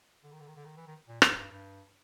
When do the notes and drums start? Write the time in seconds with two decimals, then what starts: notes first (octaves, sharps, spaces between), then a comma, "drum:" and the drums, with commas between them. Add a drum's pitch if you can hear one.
0.24 D3
0.32 D#3
0.40 D3
0.48 D#3
0.56 D3
0.65 D#3
0.77 E3
0.87 D#3
1.08 A#2
1.22 G#2, drum: rim click
1.36 G2
1.51 G2